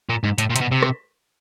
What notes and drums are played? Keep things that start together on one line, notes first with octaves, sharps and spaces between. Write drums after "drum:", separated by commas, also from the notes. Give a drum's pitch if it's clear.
A#2
G#2
A2, drum: hi-hat
A#2
C3, drum: hi-hat
B2
C3
drum: rim click